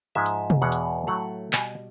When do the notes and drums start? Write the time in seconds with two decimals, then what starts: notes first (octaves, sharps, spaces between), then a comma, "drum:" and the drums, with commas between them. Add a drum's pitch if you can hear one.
0.15 G#2 F3 G#3 E5
0.26 drum: hi-hat
0.50 drum: tom
0.61 E2 B2 G#3 F#5
0.72 drum: hi-hat
1.07 A2 F#3 A3 F#5
1.53 B2 G3 G#5, drum: clap